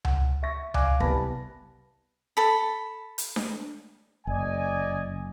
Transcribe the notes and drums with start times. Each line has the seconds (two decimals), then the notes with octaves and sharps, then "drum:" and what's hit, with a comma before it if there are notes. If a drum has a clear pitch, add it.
0.05 F#5, drum: tom C#2
0.43 E5 C#6 A#6
0.74 D5 F5 G#5 D6 F#6, drum: tom C#2
1.00 C2 B3 A5 B5 A#6, drum: kick
2.37 A4 B5
3.18 drum: hi-hat
3.36 drum: snare D4
4.27 F#1 D5 D#5 G#5